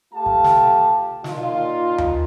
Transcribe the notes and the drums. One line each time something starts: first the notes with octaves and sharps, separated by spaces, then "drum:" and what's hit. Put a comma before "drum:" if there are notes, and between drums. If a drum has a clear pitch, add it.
A3 F4 G4 F5 A5
drum: kick
drum: snare
A#2 D#4 F4, drum: snare
drum: tom D#2